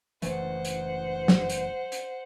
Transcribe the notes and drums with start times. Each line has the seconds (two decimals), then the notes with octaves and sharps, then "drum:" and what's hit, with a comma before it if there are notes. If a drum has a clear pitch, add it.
0.22 F#1 E3 A3 C5 F#5, drum: hi-hat
0.65 drum: hi-hat
1.28 drum: snare
1.50 drum: hi-hat
1.92 drum: hi-hat